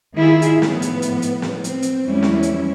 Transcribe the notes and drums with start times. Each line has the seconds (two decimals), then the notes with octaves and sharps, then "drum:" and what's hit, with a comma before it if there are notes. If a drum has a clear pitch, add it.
0.16 D#3 E4 F4 G#4
0.42 drum: hi-hat
0.62 A2 F3 B3, drum: snare
0.82 drum: hi-hat
1.02 drum: hi-hat
1.22 drum: hi-hat
1.42 drum: snare
1.64 C4, drum: hi-hat
1.82 drum: hi-hat
2.08 E2 F3 G3 G#3 C#4 E4
2.23 drum: snare
2.43 drum: hi-hat